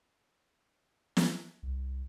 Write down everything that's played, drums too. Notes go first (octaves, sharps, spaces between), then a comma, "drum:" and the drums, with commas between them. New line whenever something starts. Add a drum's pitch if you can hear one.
drum: snare
C2